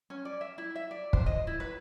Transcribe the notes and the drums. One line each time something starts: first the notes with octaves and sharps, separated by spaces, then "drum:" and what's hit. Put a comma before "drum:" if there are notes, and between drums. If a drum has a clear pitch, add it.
C#4
D5
E5
E4
E5
D5
C5, drum: kick
D#5
E4
B4